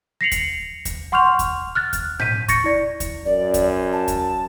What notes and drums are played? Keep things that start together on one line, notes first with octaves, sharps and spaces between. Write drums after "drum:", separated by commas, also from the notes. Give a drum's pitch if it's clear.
A#6 C7 C#7 F7 F#7
drum: kick D#2, hi-hat
drum: kick D#2, hi-hat
F#5 C6 C#6 F6 G6 F7
drum: kick D#2, hi-hat
F6 F#6 A6
drum: kick D#2, hi-hat
G6 B6 D#7, drum: tom A2
C#6 A6 A#6 C#7, drum: kick D#2, hi-hat
E4 D5
drum: kick D#2, hi-hat
F#2 D5
drum: kick D#2, hi-hat
A5
drum: kick D#2, hi-hat